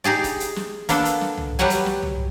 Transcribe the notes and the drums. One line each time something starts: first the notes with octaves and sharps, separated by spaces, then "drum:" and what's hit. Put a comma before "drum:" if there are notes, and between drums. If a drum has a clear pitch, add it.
D#4 G4 G#4 D5
drum: kick F1, hi-hat
drum: hi-hat
drum: snare
A#3 B3 D4 A4, drum: kick F1, hi-hat
drum: hi-hat
drum: snare
drum: tom C2
F#3 G3 G4 B4 F#5 G#5
drum: hi-hat
drum: snare
drum: tom C2